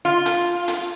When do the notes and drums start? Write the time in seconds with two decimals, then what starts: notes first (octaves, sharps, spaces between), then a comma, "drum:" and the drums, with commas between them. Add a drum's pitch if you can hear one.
0.05 F4
0.26 drum: hi-hat
0.68 drum: hi-hat